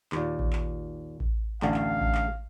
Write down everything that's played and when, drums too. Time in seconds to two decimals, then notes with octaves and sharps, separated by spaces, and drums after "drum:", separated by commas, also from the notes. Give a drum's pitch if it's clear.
0.12 D#2 A#2, drum: clap
0.39 drum: kick A1
0.53 drum: clap
1.20 drum: kick A1
1.62 A1 D2 D3 F5, drum: clap
1.74 drum: clap
2.01 drum: kick A1
2.15 drum: clap